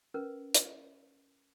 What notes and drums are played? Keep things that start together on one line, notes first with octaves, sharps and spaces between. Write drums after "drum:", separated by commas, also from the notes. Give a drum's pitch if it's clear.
C#4 A#4 B4
drum: hi-hat